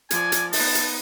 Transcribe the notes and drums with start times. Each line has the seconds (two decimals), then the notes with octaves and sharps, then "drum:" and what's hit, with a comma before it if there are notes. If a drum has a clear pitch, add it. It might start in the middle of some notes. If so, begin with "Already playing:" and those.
0.11 F3 D5 G#5, drum: hi-hat
0.32 drum: hi-hat
0.53 B3 D#4 A5, drum: open hi-hat
0.75 drum: hi-hat